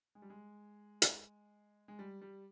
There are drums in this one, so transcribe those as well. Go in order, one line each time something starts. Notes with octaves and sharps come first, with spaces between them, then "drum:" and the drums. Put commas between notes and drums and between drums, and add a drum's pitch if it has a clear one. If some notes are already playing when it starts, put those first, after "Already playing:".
G#3
G3
G#3
drum: hi-hat
G#3
G3
G3